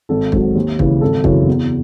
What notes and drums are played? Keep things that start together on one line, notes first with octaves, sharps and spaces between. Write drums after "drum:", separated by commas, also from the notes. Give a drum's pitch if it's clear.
G#1 A4
G#2 F#3, drum: kick
D#2
C#3 E3, drum: kick
G#1 A4
F#2 C#3 E3, drum: kick
E2